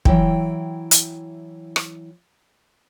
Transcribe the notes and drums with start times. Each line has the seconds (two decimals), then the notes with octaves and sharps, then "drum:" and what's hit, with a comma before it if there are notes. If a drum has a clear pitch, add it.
0.05 E3 F#3 E4 G5, drum: kick
0.91 drum: hi-hat
1.76 drum: rim click